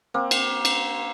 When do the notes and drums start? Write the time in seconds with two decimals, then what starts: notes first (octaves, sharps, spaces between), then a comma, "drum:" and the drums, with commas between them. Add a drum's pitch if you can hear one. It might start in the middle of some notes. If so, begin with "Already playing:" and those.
0.14 A#3 C4
0.31 drum: cymbal
0.65 drum: cymbal